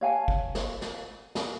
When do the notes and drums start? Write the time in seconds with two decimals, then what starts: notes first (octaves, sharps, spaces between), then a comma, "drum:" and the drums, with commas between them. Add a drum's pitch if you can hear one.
0.01 C#5 F5 G#5 A5
0.28 drum: kick
0.55 drum: snare
0.82 drum: snare
1.35 drum: snare